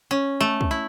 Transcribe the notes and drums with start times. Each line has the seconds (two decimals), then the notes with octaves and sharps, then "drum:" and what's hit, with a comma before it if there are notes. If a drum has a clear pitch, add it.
0.11 C#4
0.40 A3
0.61 drum: kick
0.71 E4